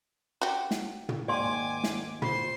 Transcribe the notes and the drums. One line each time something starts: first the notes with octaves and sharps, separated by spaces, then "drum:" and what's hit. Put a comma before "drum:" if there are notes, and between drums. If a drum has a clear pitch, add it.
F#4 G4
drum: snare
drum: tom
G#1 D#2 D5 G#5 C6 D6
drum: snare
F4 C5 C6, drum: tom